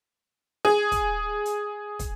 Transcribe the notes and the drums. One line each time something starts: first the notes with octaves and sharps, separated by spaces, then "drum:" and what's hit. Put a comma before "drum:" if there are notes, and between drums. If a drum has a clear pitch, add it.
G#4
drum: kick, hi-hat
drum: hi-hat
drum: kick, hi-hat